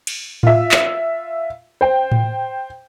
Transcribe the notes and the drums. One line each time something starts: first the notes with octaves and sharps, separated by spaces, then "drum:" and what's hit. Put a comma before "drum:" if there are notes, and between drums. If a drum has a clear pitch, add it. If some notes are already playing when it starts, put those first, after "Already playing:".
drum: cymbal
F4 E5, drum: tom A2
drum: clap
C5 G5
drum: tom A2